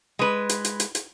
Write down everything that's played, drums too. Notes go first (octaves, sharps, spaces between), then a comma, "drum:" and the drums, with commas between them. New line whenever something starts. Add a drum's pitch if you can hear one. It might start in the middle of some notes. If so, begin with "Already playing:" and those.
G#3 B4
drum: hi-hat
drum: hi-hat
drum: hi-hat
drum: hi-hat